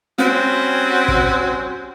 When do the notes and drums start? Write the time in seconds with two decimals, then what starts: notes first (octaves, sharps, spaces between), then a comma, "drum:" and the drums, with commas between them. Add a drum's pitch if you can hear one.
0.18 G3 C4 C#4 F#4, drum: snare
1.08 drum: kick